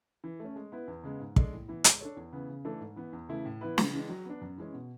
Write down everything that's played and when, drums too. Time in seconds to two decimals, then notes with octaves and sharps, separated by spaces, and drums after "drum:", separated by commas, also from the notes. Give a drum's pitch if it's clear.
0.24 E3
0.40 A3 C#4
0.56 G#3
0.72 B3 E4 B4
0.88 E2
1.03 C#3 G#3 B3
1.20 G#2
1.36 G#3 D4 A4 D5, drum: kick
1.53 A2
1.68 E3 B3 E4
1.84 G#3, drum: hi-hat
2.00 D4 A4 C#5
2.17 E2
2.33 C#3 E3 B3
2.49 C#3
2.65 E3 A3 D4 A4
2.81 G#2
2.96 E3 B3
3.13 E2
3.29 C#3 E3 A3 E4
3.45 A2
3.61 E3 B3 E4 B4
3.78 C#3, drum: snare
3.94 E3 G#3 D4
4.09 F#3
4.25 B3 D4
4.41 F#2
4.58 E3 G#3 C#4
4.73 B2